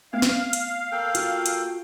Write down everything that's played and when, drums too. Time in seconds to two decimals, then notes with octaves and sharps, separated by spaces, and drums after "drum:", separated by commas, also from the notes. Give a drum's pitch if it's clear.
0.13 A3 B3 C4 F5
0.22 drum: snare
0.53 drum: hi-hat
0.92 A#3 A4 G5
1.15 F4 F#4, drum: hi-hat
1.46 drum: hi-hat